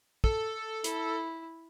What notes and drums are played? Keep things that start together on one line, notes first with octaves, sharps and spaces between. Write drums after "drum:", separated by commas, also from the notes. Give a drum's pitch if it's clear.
A4, drum: kick
E4, drum: hi-hat